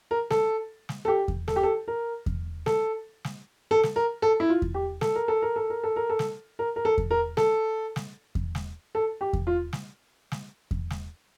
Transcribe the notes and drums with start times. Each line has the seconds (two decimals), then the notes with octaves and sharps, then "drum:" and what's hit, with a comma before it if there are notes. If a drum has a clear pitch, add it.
0.11 A#4
0.30 A4, drum: snare
0.89 drum: snare
1.05 A4
1.08 G4
1.28 drum: kick E2
1.48 A4, drum: snare
1.56 G4
1.63 A4
1.88 A#4
2.26 drum: kick E2
2.66 A4, drum: snare
3.24 drum: snare
3.71 A4
3.83 drum: snare
3.96 A#4
4.22 A4
4.40 E4
4.49 F4
4.62 drum: kick E2
4.74 G4
5.01 A4, drum: snare
5.15 A#4
5.28 A4
5.42 A#4
5.56 A4
5.70 A#4
5.83 A4
5.96 A#4
6.09 A4
6.19 drum: snare
6.59 A#4
6.76 A#4
6.85 A4
6.98 drum: kick E2
7.11 A#4
7.37 A4, drum: snare
7.96 drum: snare
8.35 drum: kick E2
8.55 drum: snare
8.95 A4
9.21 G4
9.33 drum: kick E2
9.47 F4
9.73 drum: snare
10.32 drum: snare
10.71 drum: kick E2
10.90 drum: snare